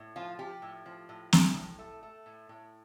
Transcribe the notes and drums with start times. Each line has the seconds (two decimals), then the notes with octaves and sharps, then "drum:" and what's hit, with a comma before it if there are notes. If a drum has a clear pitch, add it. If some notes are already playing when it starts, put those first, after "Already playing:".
Already playing: A2
0.16 F3 F4
0.39 F3 G4
0.62 A2
0.86 F3
1.09 A2
1.33 A2, drum: snare
1.55 A2
1.79 A3
2.03 A3
2.26 A2
2.49 A2